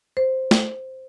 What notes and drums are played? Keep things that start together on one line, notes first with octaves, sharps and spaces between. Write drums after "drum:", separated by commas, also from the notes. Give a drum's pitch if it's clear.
C5
drum: snare